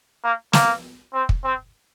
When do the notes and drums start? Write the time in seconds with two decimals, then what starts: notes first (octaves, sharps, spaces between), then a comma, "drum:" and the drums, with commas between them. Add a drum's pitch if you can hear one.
0.23 A#3
0.53 A#3, drum: snare
1.14 C4
1.29 drum: kick
1.44 C4